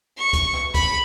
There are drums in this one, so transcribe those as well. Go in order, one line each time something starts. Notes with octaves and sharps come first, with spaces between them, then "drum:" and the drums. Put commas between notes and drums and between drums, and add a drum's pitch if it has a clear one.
C#6
drum: kick, hi-hat
drum: rim click
B5, drum: kick, hi-hat